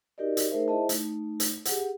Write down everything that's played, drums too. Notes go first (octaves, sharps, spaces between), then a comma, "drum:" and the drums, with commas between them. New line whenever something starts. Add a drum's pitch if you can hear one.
D#4 F#4 G4 A#4 D5 D#5
drum: hi-hat
A3 D#4 G#4 A#4 C5 E5
E4 G#4 C5 D#5 E5 A5
A3 D#4, drum: hi-hat
drum: hi-hat
G4 G#4 F#5, drum: hi-hat